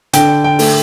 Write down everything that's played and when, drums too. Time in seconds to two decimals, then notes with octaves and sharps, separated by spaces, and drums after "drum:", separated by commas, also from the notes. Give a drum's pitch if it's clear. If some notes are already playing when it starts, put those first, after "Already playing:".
0.13 D3 G5, drum: hi-hat
0.44 G5
0.59 A3, drum: open hi-hat